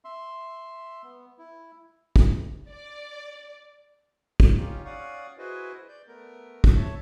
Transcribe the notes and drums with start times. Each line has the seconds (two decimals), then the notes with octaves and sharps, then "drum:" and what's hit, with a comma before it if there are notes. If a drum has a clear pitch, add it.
0.05 E5 C6
1.04 B3
1.38 E4
2.16 drum: kick
2.69 D5
4.40 drum: kick
4.57 C#4 D#4 F4 G4
4.85 C#4 D5 F5 F#5 C#6 D#6
5.38 E4 F#4 G#4 B4 C5 D#5
5.88 D5 G6
6.08 A3 B3 A#4
6.64 drum: kick
6.75 C#5 E5 A5